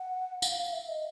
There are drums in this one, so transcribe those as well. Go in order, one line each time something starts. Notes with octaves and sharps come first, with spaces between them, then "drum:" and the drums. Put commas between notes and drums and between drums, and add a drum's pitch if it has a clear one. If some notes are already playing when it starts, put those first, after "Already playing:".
Already playing: F#5
F5, drum: tambourine
F5
E5
D#5